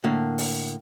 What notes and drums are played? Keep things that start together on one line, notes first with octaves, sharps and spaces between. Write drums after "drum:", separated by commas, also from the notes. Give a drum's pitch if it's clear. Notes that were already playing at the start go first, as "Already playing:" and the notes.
A2 D3 A#3
drum: open hi-hat